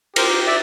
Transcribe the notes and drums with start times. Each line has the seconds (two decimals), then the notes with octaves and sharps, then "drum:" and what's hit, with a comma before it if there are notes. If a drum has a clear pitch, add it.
0.16 G4 A#4 C5, drum: cymbal
0.47 D5 E5